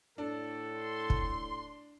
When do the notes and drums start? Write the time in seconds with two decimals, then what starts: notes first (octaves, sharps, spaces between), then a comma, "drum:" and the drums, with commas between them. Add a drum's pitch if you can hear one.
0.18 A2 D4 A4
0.80 C6
1.10 drum: kick